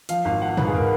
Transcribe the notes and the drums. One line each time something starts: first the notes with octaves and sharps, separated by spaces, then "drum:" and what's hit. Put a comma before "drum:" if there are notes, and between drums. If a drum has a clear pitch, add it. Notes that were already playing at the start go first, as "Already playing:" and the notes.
F3 F5, drum: hi-hat
G#1 F5
F3 F#5
G#2 B4, drum: tom
G#4
A#4